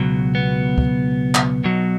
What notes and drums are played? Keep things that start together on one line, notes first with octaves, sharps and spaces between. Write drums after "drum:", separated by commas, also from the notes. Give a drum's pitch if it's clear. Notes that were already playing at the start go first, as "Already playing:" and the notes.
Already playing: C#2 B2 F#3
B3
drum: kick
drum: clap
B1 B2 F#3